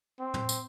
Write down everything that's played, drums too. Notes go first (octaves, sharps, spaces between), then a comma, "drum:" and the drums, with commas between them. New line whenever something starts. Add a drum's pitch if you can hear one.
C4
drum: tom
drum: tambourine